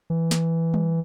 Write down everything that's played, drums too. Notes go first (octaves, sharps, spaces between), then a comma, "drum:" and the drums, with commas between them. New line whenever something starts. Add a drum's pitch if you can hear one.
E3
drum: snare
drum: tom G3